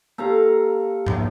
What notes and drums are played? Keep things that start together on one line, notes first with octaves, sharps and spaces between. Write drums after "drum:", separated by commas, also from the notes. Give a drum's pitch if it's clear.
A#3 G4 A4 F5 A#5
drum: tom G#2